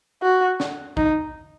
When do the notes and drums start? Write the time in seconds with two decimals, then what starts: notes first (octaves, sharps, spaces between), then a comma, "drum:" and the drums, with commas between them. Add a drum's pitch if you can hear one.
0.22 F#4
0.60 drum: snare
0.97 D#4, drum: kick